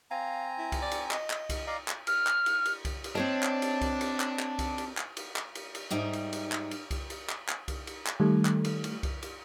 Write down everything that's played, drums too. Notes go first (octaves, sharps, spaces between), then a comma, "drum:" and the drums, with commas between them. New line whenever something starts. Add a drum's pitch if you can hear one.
C4 F5 G#5 A#5
E4
drum: kick C2, cymbal
D5
drum: cymbal
D#5, drum: clap
drum: clap
drum: kick C2, cymbal
D5 D#5 F5 A#5
drum: clap
F6, drum: cymbal
drum: clap
drum: cymbal
drum: cymbal
drum: kick C2, cymbal
drum: cymbal
C4 D4 C#5 D#5
drum: clap
drum: cymbal
drum: kick C2, cymbal
drum: cymbal
drum: clap
drum: clap
drum: kick C2, cymbal
drum: cymbal
drum: clap
drum: cymbal
drum: clap
drum: cymbal
drum: cymbal
G#2 G3 D#4 E5
drum: cymbal
drum: cymbal
drum: clap
drum: cymbal
drum: kick C2, cymbal
drum: cymbal
drum: clap
drum: clap
drum: kick C2, cymbal
drum: cymbal
drum: clap
D#3 G3 A3
drum: clap
drum: cymbal
drum: cymbal
drum: kick C2, cymbal
drum: cymbal